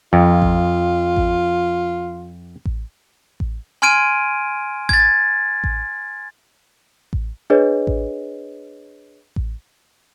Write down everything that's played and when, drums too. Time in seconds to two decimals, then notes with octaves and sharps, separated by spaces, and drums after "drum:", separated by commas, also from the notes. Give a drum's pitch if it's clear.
0.13 F2 F4
0.42 drum: kick A1
1.16 drum: kick A1
2.66 drum: kick A1
3.40 drum: kick A1
3.82 G#5 C6 F6 G#6 D7 D#7
4.89 G#6 A6, drum: kick A1
5.64 drum: kick A1
7.13 drum: kick A1
7.50 D4 G#4 B4 C#5 D#5
7.87 drum: kick A1
9.36 drum: kick A1